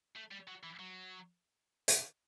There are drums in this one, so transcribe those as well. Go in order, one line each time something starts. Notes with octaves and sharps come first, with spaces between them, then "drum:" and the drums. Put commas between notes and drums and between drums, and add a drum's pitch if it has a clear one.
A3
G3
F#3
E3
F#3
drum: hi-hat